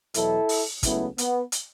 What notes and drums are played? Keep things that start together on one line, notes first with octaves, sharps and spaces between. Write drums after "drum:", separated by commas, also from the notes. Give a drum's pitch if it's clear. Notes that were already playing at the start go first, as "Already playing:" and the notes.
E2 B2 F#3 E4 A4, drum: hi-hat
drum: open hi-hat
C#2 C#3 F#3 A3 B3 E4, drum: kick, hi-hat
B3, drum: hi-hat
drum: hi-hat